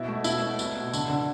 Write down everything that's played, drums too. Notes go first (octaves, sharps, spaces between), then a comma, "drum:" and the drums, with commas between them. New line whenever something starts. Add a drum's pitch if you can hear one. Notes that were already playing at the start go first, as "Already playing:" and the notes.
Already playing: B2 E4
A3
B2 E4, drum: tambourine
A3
C2, drum: tambourine
B2
D3, drum: tambourine
D3